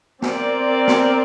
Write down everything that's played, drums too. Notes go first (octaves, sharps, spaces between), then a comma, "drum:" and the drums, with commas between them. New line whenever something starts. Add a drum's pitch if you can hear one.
C4 A#4 D5, drum: snare
drum: snare